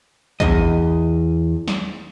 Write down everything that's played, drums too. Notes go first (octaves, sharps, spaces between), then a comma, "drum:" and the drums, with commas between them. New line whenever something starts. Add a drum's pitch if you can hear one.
E2 D#5, drum: kick
drum: snare